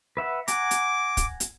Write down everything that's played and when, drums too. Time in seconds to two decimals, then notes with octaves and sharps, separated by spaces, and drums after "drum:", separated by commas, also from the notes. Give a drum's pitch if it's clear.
0.17 B4 E5 F#5
0.48 F#5 G#5 A#5 D6, drum: hi-hat
0.71 drum: hi-hat
1.17 drum: kick, hi-hat
1.40 drum: hi-hat